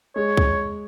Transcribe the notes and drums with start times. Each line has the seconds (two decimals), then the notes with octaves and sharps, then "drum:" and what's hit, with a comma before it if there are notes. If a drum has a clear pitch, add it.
0.16 G#3 C#5
0.37 drum: kick C2